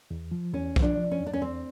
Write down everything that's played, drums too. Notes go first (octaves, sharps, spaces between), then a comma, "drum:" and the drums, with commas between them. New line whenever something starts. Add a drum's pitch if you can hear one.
E2
F3
E2 C#4
F3, drum: kick
D4
F3
C#4
E2
D4
C#4
E2 C4